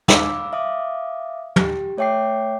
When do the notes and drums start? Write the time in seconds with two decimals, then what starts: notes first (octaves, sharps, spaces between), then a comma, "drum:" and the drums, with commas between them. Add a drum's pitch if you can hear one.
0.08 F5 B5 D6 E6, drum: snare
0.53 E5 F5 D6 D#6
1.56 G4, drum: tom
1.98 A3 C#5 E5 G5 D6 C7